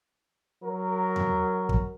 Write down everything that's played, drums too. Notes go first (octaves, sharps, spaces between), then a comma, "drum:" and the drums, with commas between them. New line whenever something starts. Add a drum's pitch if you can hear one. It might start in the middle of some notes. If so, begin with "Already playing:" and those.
F#3 A#4
drum: tom E2
drum: kick